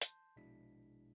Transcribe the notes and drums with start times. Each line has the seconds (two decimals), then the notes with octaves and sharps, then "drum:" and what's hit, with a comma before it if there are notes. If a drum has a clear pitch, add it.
0.02 A5 C6 G6, drum: hi-hat
0.36 A#1 B2 G#3 D4 E4 B6